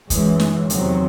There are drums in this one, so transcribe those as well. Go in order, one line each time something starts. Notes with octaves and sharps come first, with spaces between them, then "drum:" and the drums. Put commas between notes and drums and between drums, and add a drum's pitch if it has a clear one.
F#2 E3 G#3, drum: kick, hi-hat
drum: snare
E2 C3 D#3 F#3 C4, drum: hi-hat